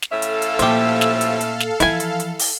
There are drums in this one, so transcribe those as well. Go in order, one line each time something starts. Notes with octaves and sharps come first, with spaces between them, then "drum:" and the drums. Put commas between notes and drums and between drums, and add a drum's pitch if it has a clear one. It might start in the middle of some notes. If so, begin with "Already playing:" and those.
drum: snare
A2 C#4 A4 E5 F5
drum: hi-hat
drum: hi-hat
A#2 F3 G4, drum: hi-hat
drum: snare
drum: hi-hat
drum: hi-hat
drum: snare
E3 F3 E4 G#5, drum: hi-hat
drum: hi-hat
drum: hi-hat
drum: open hi-hat